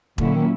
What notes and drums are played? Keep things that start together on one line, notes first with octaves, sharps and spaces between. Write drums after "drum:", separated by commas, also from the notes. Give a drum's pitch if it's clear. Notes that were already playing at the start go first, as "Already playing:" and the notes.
A#2 D3 F#3 A#3 C#4 E4, drum: kick E1
D#3